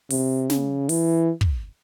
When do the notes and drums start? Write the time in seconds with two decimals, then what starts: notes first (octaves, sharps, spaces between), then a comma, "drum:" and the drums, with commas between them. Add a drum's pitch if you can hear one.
0.10 C3, drum: open hi-hat
0.50 C#3, drum: snare
0.89 E3, drum: open hi-hat
1.41 drum: kick